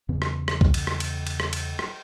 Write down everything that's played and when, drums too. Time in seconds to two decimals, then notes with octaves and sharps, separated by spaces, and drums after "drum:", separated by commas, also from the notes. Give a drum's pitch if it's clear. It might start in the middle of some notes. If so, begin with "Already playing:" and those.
0.09 E2 C#3 B3
0.22 drum: rim click
0.48 drum: rim click
0.61 drum: kick
0.74 drum: cymbal
0.87 drum: rim click
1.00 drum: cymbal
1.27 drum: cymbal
1.40 drum: rim click
1.53 drum: cymbal
1.79 drum: rim click